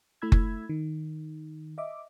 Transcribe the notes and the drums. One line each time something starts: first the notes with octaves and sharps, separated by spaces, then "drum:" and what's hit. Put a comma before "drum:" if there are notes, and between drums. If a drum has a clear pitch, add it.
A3 E4 B5 E6 G#6
drum: kick F#1
D#3
D#5 E5 D6